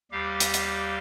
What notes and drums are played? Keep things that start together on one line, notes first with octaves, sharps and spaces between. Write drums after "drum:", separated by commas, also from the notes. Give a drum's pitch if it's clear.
D#2 G3 G4 F5
drum: hi-hat
drum: hi-hat